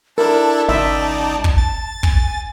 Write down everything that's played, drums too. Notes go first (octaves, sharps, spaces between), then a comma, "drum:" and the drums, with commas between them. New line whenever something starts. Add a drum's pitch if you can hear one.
D4 E4 A4 A#4 A5
G#1 C#2 D#4 D5 E5
drum: kick
A6
G#5, drum: kick